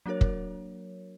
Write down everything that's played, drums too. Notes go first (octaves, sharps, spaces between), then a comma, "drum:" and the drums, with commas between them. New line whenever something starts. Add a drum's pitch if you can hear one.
F#3 A#3 D4 F#4 A#4 C#5
drum: kick